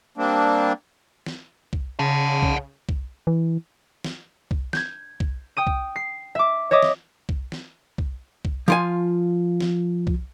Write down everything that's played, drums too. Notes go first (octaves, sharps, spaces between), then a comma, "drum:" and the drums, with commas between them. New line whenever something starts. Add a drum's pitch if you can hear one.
G3 A#3 C4 D4
drum: snare
drum: kick
C#3 F#5 A5
drum: kick
drum: kick
E3
drum: snare
drum: kick
G6 G#6, drum: snare
drum: kick
G5 D#6 D#7
drum: kick
C7
E5 D6
C#5 D#5 E5 D6 D#6
drum: snare
drum: kick
drum: snare
drum: kick
drum: kick
F3 F4 G#5
drum: snare
drum: kick